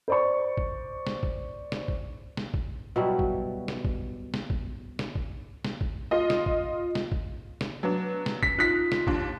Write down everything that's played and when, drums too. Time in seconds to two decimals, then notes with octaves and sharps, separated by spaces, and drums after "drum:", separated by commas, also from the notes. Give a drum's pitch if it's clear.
0.08 C5 D5 C#6
0.57 drum: kick G#1
1.07 drum: snare
1.23 drum: kick G#1
1.72 drum: snare
1.88 drum: kick G#1
2.37 drum: snare
2.54 drum: kick G#1
2.96 B2 F#3 G3 E4
3.19 drum: kick G#1
3.68 drum: snare
3.85 drum: kick G#1
4.34 drum: snare
4.50 drum: kick G#1
4.99 drum: snare
5.15 drum: kick G#1
5.65 drum: snare
5.81 drum: kick G#1
6.11 F4 D#5
6.30 drum: snare
6.46 drum: kick G#1
6.95 drum: snare
7.12 drum: kick G#1
7.61 drum: snare
7.83 F#3 B3 D4
8.26 drum: snare
8.43 B6, drum: kick G#1
8.58 D#4 F4 F#6 B6
8.92 drum: snare
9.07 D#2 D4, drum: kick G#1